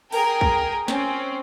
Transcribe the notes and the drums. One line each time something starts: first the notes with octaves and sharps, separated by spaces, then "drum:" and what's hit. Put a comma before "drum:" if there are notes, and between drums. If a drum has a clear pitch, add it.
G#4 A#4 G5, drum: open hi-hat
drum: kick
C4 C#4, drum: snare